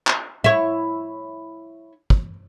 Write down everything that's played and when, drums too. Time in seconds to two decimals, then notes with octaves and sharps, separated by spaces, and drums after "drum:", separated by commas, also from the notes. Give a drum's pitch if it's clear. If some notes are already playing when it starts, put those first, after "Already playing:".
0.07 drum: clap
0.44 E4 C#5
2.10 drum: kick